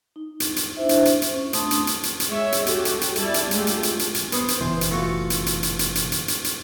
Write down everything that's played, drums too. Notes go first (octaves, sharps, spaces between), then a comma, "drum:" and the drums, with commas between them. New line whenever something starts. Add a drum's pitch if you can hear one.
D#4
drum: hi-hat
drum: hi-hat
D4 E4 C5 E5
drum: hi-hat
drum: hi-hat
drum: hi-hat
C#4
A3 D4 C6 D#6, drum: hi-hat
drum: hi-hat
drum: hi-hat
drum: hi-hat
drum: hi-hat
G#3 C#5 E5
drum: hi-hat
F#4 G4 A4, drum: hi-hat
drum: hi-hat
drum: hi-hat
G3 E4 A4 D5 A5, drum: hi-hat
drum: hi-hat
G#3 A3 F4 G4 A4, drum: hi-hat
drum: hi-hat
drum: hi-hat
drum: hi-hat
G#5, drum: hi-hat
B3 G#4 C5, drum: hi-hat
drum: hi-hat
F#1 B2 E3 C5
drum: hi-hat
A3 F4 F#4
drum: hi-hat
drum: hi-hat
drum: hi-hat
drum: hi-hat
drum: hi-hat
drum: hi-hat
drum: hi-hat
drum: hi-hat